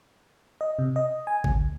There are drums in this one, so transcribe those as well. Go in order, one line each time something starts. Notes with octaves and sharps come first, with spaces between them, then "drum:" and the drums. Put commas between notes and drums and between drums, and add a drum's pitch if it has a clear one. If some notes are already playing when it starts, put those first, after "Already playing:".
D#5
C3
D#5
G#5
D2, drum: kick G#1